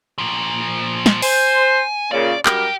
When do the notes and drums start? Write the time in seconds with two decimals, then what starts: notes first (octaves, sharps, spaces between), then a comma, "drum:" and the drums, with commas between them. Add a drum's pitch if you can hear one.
0.18 A#2 F3
1.06 drum: snare
1.22 C5 G#5, drum: open hi-hat
2.12 A#2 C#3 D5
2.46 F#2 G3 G4 A#4 G5, drum: clap